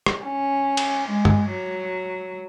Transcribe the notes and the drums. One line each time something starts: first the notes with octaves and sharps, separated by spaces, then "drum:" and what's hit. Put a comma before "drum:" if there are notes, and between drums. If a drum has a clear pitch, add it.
drum: rim click
C#4
drum: cymbal
G#3
drum: tom G2
F#3